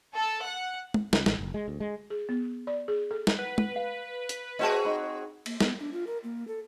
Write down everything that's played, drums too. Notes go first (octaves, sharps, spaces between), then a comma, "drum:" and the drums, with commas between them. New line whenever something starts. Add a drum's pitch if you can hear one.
A4
F#5
drum: tom
C#2, drum: snare
A1, drum: snare
F#1
G#3
D2
G#3
G#4
B3
D5
G#4
A4
drum: snare
B4 F#5
drum: tom
F5
drum: hi-hat
C4 F#4 G#4 D#5 E5 A5
D#4 D#5 B5
A#3, drum: cymbal
B3, drum: snare
D4
F4
A#4
A#3
A4